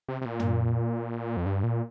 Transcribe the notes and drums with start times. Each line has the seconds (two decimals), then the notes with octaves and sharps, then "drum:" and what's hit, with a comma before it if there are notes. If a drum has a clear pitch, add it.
0.09 C3
0.22 C3
0.25 A#2
0.40 drum: tom
1.37 F2
1.46 G2
1.63 A#2